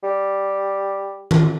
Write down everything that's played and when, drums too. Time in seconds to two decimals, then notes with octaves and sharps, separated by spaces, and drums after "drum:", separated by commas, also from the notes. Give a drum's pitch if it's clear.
0.03 G3
1.31 drum: tom D#3